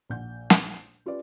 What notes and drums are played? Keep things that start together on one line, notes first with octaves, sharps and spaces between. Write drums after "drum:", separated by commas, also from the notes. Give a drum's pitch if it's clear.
A#1 F#5 G6
drum: snare
C#4 F4 G4 B4 D5